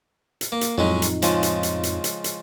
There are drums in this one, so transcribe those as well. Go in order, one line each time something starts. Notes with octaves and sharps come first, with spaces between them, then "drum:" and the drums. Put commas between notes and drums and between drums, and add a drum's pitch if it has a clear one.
drum: hi-hat
A#3
drum: hi-hat
F2 A2 F#3 G#3 C#4 D#4
drum: hi-hat
C#3 F3 G#3, drum: hi-hat
drum: hi-hat
drum: hi-hat
drum: hi-hat
drum: hi-hat
drum: hi-hat